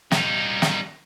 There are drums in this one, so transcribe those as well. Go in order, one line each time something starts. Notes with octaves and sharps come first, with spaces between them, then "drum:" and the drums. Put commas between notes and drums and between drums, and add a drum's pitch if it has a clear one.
G3 D#4, drum: snare
drum: snare